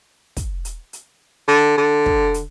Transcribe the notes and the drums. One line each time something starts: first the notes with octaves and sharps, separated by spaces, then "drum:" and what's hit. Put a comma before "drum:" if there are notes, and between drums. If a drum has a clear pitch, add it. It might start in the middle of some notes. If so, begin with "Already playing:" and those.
drum: kick, hi-hat
drum: hi-hat
drum: hi-hat
D3
D3
drum: kick
drum: hi-hat